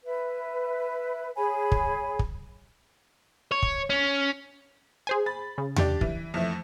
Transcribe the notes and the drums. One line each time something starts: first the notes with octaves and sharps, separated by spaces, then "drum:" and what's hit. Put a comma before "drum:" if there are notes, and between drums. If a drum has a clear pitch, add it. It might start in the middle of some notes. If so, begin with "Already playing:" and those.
B4 E5
G#4 C#5 G#5 B5
drum: kick
drum: kick
C#5
drum: kick
C#4
G#4 C5 G#5
B5 A6
C#3
D4 G4 D5, drum: tom E2
E3, drum: kick
F2 E3 A3